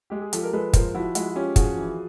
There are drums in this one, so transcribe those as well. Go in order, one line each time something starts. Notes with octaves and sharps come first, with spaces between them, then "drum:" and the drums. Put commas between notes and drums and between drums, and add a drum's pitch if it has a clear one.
G#3 G4
G#4
F3 G4 A4, drum: hi-hat
A#4
G#3 A4 B4
F3 A#4 C5, drum: kick, hi-hat
F3 E4 F#4
G#3 E4 F#4, drum: hi-hat
F#4
C#4 F4 G4
F3 F#4 G#4, drum: kick, hi-hat
E3